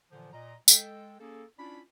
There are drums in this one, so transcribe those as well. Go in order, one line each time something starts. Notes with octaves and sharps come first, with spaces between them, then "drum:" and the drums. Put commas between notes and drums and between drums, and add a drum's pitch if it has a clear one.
A#2 D3 E3 F3
A#2 D#5 A#5
G#3 A4 G5, drum: tambourine
A#3 C#4 G#4 A4
C#4 D4 E4 F4 D5 B5